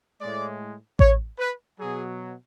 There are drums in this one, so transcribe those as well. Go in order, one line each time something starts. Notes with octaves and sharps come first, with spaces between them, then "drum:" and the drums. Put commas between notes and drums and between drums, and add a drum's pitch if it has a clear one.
A2 G#3 D5
C#5, drum: kick A1
B4
B2 F#3 G#4